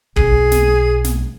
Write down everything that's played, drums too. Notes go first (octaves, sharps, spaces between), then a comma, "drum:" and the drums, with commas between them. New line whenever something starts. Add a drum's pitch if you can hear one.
B1 C4 G#4, drum: kick
drum: snare
drum: snare